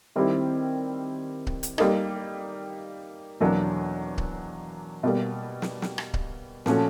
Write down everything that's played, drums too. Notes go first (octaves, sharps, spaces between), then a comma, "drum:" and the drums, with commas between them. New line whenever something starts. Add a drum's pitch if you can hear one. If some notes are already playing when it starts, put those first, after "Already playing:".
D#3 G3 C4 E4 G4
drum: kick C#1
drum: hi-hat
G3 A#3 D#4, drum: rim click
E2 B2 F#3 A#3 D4
drum: kick C#1
B2 G3 A#3
drum: snare
drum: snare
drum: rim click
drum: kick C#1
A#2 F3 A3 C#4 F#4, drum: snare